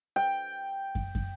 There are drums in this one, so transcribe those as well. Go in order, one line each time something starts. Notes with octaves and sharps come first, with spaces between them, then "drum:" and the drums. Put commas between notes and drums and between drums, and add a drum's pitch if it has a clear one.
G5
drum: kick
drum: kick